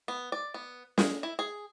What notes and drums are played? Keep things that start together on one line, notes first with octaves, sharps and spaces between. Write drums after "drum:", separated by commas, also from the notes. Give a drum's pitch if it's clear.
B3
D5
B3
G#4, drum: snare
E4
G#4